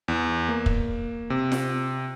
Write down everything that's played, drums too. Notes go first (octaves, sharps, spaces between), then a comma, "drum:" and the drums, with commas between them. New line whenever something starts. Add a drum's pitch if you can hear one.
E2
A#3
drum: kick
C3
drum: snare F4